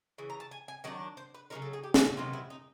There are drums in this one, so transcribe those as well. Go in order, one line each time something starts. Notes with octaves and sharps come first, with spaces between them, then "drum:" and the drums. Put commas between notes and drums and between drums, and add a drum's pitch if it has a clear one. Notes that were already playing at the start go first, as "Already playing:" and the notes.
C#3 E3
A#5
A5
G#5
G#5
D#3 F#3 D4 F#5
C5
B4
C#3 F#3 B3 D#4 A#4
A4
G#4
G4
G4, drum: snare
F#4
C3 D#3 F#3 B3 F4
E4
D#4